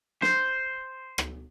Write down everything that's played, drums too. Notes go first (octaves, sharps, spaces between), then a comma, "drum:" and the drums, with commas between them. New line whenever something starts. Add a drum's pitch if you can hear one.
C5, drum: snare
drum: rim click